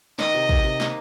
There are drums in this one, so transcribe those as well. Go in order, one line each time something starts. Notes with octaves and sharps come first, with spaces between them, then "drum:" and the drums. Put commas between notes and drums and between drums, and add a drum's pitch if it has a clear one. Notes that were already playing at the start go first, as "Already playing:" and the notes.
D#3 D#5, drum: snare
C3
C3, drum: kick
C3
A#3, drum: snare